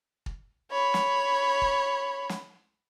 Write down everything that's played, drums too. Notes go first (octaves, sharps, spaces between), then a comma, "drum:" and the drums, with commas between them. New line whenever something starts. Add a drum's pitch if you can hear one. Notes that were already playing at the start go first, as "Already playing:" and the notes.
drum: kick
C#5 B5
drum: snare
drum: kick
drum: snare